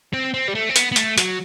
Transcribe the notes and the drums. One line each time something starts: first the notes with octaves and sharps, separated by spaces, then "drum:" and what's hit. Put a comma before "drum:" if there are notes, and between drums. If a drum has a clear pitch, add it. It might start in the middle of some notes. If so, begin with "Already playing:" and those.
C4
C4
G3
A3
C4
B3, drum: hi-hat
B3
A3, drum: hi-hat
F#3, drum: hi-hat